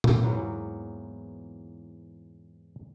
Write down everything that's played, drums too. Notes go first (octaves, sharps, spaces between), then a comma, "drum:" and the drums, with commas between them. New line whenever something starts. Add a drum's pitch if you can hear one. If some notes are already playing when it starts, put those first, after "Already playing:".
drum: tom A#2
E2 G#2 E3 F#3 A#3 B3